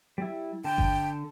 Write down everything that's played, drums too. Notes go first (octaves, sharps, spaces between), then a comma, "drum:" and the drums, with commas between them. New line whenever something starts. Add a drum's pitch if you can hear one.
G3 E4
D3 G5 A5
drum: kick G1